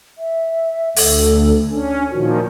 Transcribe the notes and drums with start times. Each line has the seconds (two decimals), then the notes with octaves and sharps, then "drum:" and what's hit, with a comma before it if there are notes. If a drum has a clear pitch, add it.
0.18 E5
0.96 D2 A4, drum: open hi-hat
1.71 C#4 D4
2.11 A#2 D#3 F3 F#4